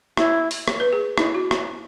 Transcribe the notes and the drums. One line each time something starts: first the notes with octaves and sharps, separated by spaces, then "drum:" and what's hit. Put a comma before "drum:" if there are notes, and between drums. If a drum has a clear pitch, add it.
E4, drum: rim click
drum: open hi-hat
drum: rim click
B4
G#4
D#4 E4, drum: rim click
F#4
drum: rim click